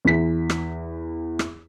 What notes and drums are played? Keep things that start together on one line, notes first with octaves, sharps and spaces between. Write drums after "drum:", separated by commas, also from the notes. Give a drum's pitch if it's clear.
E2 E3 B6
drum: rim click
drum: rim click